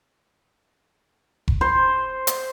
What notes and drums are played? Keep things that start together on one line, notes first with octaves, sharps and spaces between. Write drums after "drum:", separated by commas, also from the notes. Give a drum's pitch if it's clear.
drum: kick F1
C5
drum: hi-hat